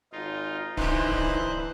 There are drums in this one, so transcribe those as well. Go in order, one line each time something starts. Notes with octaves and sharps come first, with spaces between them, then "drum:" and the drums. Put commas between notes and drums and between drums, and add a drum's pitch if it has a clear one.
G#1 D#4 F4
A#2 D3 E3 D#4 C5 F#6, drum: kick D1
drum: kick D1